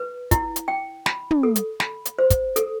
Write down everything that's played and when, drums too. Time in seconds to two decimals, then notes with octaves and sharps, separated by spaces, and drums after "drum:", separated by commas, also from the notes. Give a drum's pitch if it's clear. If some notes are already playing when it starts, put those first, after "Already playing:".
Already playing: B4
0.31 E4, drum: kick, hi-hat
0.56 drum: hi-hat
0.68 G5
1.06 B5, drum: snare
1.31 drum: tom
1.43 A4
1.56 drum: hi-hat
1.80 B5, drum: snare
2.05 drum: hi-hat
2.19 C5
2.30 drum: kick, hi-hat
2.56 A4, drum: hi-hat